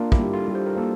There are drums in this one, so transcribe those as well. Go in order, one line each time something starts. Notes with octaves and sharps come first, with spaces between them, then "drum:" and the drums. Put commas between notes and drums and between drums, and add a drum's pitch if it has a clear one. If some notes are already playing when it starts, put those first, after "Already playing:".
Already playing: A#3 D4 F4
E4 G4, drum: kick
G3
F4 A4
G3
C5
A#4
A#3 A4